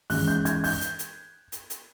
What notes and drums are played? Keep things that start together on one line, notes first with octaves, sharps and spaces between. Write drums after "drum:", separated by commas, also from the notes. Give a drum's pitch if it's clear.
E3 G#3 C#4 F#6, drum: open hi-hat
G6
G#6, drum: hi-hat
G6, drum: open hi-hat
drum: hi-hat
drum: hi-hat
drum: hi-hat
drum: hi-hat